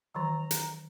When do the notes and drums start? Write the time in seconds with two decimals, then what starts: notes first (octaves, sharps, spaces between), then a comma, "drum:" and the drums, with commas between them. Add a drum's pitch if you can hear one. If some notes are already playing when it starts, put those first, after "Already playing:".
0.15 D#3 E3 F#3 A#5
0.51 drum: hi-hat